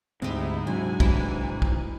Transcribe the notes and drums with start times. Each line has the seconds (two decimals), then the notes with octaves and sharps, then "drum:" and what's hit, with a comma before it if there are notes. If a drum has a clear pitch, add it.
0.22 D2 G#2 G#3 C4 D#4 E4 G4
0.67 C3 F#3 D4 G#5
1.00 C3 E3 E4, drum: kick
1.62 drum: kick